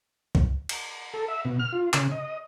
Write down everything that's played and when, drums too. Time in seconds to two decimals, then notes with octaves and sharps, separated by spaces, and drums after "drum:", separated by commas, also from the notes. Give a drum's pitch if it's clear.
0.35 drum: kick
0.69 drum: cymbal
1.14 A4
1.28 E5
1.45 B2
1.59 F6
1.72 F4
1.93 C#3, drum: clap
2.12 D#5